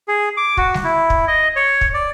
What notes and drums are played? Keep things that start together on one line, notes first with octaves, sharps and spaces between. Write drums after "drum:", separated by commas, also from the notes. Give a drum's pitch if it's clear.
G#4
D6
F#4, drum: kick
drum: snare G3
E4
drum: kick
D#5
C#5
drum: kick
D5